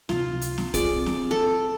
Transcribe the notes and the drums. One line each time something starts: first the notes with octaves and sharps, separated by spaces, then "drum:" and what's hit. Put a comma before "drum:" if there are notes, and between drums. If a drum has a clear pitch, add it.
C#2 C3 F4, drum: snare
drum: hi-hat
drum: snare
C4 F4 G#4 D5, drum: kick, hi-hat
drum: snare
A4